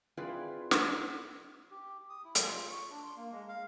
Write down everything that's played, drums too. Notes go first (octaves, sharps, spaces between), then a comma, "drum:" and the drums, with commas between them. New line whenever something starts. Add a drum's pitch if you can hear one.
C4 E4 F4 G#4 B4 D5
drum: snare
G4
D#6
E4
drum: hi-hat
F4
C#6
D4
C6
A#3
G#3
F5